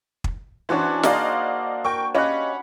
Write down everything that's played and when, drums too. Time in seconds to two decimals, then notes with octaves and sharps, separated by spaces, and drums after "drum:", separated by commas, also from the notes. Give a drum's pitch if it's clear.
0.24 drum: kick
0.69 E3 C#4 D4 F#4 C5
1.03 A#3 D#4 G#4 C5 D5 D#5 F5, drum: snare
1.84 A#4 G5 C#6
2.15 C#4 G4 D#5 F5 F#5 B5